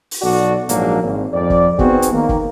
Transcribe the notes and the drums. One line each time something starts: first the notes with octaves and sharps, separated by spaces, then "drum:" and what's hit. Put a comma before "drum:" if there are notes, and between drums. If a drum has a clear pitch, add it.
drum: open hi-hat
B1 F#4 A4 D5
A#1 G#2 F#3 A#3 D4, drum: hi-hat
G#1
F2 D5
drum: kick
B3 C4 D#4 F#4 G#4, drum: kick
drum: hi-hat
D#3 A#3
drum: kick